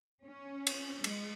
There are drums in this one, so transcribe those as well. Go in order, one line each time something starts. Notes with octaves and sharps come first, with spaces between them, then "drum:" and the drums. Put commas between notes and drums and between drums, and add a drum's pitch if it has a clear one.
C#4
drum: cymbal
G#3, drum: cymbal